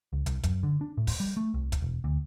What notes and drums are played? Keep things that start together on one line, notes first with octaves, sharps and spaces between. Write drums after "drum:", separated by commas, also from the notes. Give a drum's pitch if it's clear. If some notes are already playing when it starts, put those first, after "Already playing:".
C#2
C2, drum: hi-hat
F#2, drum: kick, hi-hat
D3
D4
A2
drum: kick, open hi-hat
G3
A3
C2
drum: kick, hi-hat
E1
D2